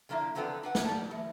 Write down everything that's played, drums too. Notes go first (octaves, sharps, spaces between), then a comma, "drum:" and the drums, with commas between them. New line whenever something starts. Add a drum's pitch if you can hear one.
D3 F3 A#3 D4 E4
E2 D3 F3 B3 C4 D4
D4 B4 F#5
drum: snare
G4 D5 A5
E3